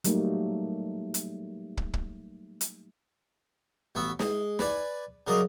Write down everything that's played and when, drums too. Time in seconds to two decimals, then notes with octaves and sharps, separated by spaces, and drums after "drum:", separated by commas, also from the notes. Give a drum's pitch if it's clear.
0.04 F#3 G3 A3 A#3 D#4, drum: hi-hat
1.14 drum: hi-hat
1.77 drum: kick
1.94 drum: kick
2.61 drum: hi-hat
3.95 A1 B3 F#4 E5
4.19 G#3, drum: snare
4.59 B4 D5 G#5, drum: snare
5.27 C#3 F#3 A#4 D5 D#5